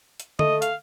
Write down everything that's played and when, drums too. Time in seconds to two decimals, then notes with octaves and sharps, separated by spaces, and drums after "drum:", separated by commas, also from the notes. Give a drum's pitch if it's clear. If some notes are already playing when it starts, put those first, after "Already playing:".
0.20 drum: hi-hat
0.39 A3 D#5, drum: tom D3
0.62 F5, drum: hi-hat